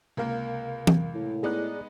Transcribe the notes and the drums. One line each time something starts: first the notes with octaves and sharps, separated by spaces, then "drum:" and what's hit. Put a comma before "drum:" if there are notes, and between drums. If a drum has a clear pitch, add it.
C#2 C3 A#3 A#4 F5
drum: tom E3
A2
G#3 B3 D#4 G#4 D5 F#6